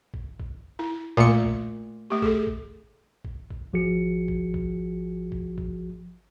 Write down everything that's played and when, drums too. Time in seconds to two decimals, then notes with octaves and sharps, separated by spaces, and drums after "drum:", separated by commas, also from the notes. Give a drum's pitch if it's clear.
0.14 drum: kick A1
0.40 drum: kick A1
0.79 E4
1.17 A#2 A3 A#4 C#7, drum: kick A1
1.43 drum: kick A1
2.10 A3 G4
2.22 G#4 A4, drum: kick A1
2.47 drum: kick A1
3.25 drum: kick A1
3.50 drum: kick A1
3.73 G#1 F3 F#4 G#4 C#7
4.28 drum: kick A1
4.54 drum: kick A1
5.32 drum: kick A1
5.58 drum: kick A1